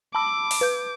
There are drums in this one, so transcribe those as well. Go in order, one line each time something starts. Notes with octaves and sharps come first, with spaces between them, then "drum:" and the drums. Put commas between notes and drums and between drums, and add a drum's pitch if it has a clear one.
A5 B5 D6 E6
drum: open hi-hat
B4 G6